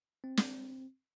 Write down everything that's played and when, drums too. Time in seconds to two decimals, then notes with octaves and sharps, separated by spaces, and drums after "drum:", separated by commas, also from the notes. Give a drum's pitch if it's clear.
0.24 C4
0.37 drum: snare